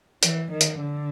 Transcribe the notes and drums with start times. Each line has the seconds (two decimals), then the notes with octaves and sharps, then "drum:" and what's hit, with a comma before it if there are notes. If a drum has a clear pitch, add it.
0.23 E3, drum: hi-hat
0.51 D#3
0.61 drum: hi-hat
0.81 D3